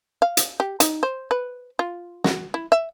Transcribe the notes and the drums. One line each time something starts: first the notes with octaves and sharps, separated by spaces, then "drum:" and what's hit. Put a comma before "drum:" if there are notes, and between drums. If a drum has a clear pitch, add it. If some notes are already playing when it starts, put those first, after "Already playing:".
F5
drum: hi-hat
G4
D#4, drum: hi-hat
C5
B4
F4
F#4, drum: snare
E4
E5